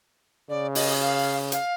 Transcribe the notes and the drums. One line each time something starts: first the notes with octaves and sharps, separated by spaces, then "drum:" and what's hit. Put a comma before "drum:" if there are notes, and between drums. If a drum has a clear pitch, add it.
C#3 D5
D#5, drum: open hi-hat
F5
F5, drum: hi-hat